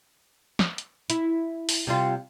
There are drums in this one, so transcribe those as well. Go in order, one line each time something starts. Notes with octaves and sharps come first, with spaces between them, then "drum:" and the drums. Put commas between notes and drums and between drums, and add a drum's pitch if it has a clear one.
drum: snare
drum: hi-hat
E4, drum: hi-hat
drum: open hi-hat
C3 G3 F4